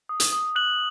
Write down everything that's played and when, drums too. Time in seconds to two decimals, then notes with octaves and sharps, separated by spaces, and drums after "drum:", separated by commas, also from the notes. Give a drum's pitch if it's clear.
0.09 D#6
0.20 drum: hi-hat
0.33 D#6
0.56 F#6 F#7